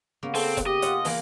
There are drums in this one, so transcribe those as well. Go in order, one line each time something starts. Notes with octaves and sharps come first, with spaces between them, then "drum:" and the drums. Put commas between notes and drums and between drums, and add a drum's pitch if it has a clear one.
C#3 A#3 B3
C4 A4, drum: open hi-hat
drum: kick F1, hi-hat
G4 D#5
F4 F#5 G#5, drum: hi-hat
E3 A#3 A#4, drum: open hi-hat